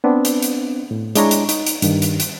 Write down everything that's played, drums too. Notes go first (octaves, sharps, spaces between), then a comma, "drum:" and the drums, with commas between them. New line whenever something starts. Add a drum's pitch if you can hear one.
B3 C4 D4
drum: hi-hat
drum: hi-hat
A2
G#3 D4 E4 C#5 A#5 C#6, drum: hi-hat
drum: hi-hat
D#4, drum: hi-hat
drum: hi-hat
G2 D#3, drum: hi-hat
drum: hi-hat
drum: hi-hat